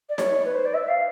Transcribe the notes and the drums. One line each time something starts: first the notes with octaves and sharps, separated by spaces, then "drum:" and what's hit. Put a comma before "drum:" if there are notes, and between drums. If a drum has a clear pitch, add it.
D5
C#5, drum: snare D#4
B4
C5
D5
E5
F5